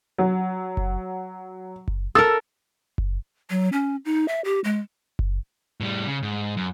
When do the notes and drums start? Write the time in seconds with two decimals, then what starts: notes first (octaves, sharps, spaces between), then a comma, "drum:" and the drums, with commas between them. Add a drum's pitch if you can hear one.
0.18 F#3
0.77 drum: kick F#1
1.88 drum: kick F#1
2.15 A4 A#4 E6
2.98 drum: kick F#1
3.50 F#3
3.73 C#4
4.05 D#4
4.28 E5
4.45 G4
4.64 G#3
5.19 drum: kick F#1
5.81 A2 G3
6.07 C#3
6.23 G#2
6.57 F#2